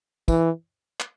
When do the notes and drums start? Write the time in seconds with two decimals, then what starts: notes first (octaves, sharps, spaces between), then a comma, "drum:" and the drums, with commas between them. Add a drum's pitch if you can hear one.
0.28 E3, drum: kick, tambourine
1.00 drum: clap